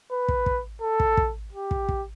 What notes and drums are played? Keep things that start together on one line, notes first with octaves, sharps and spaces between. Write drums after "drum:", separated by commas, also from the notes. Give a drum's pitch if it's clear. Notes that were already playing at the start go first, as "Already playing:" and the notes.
B4
drum: kick
drum: kick
A4
drum: kick
drum: kick
G4
drum: kick
drum: kick